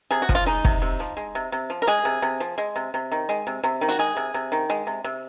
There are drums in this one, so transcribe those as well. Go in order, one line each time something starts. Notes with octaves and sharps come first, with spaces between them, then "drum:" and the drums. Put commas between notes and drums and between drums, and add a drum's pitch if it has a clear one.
C3 G#4
F#4
F3, drum: kick
F4
G#3 D#4
C3, drum: kick
C3
F3
G#3
C3
C3
F3
A#4
G#3 G#4
C3
C3
F3
G#3
C3
C3
D#3
G#3
C3
C3
D#3
F#4, drum: hi-hat
G#3 G#4
C3
C3
D#3
G#3
C3
C3